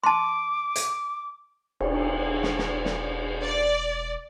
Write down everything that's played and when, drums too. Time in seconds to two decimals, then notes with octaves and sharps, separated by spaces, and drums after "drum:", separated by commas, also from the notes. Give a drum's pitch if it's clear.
0.04 A5 C6 D6
0.76 drum: hi-hat
1.80 E1, drum: cymbal
2.43 drum: snare
2.58 drum: snare
2.85 drum: snare
3.42 D5